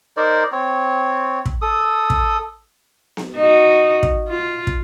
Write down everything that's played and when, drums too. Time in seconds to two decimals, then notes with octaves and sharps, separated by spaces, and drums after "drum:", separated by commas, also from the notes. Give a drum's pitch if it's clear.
0.17 D#4 A#4 C5 D5
0.52 C4 C#5
1.45 drum: kick
1.62 A4 D#6
2.10 drum: kick
3.17 drum: snare B3
3.36 D#4 F#4
4.03 drum: kick
4.28 F4
4.67 drum: kick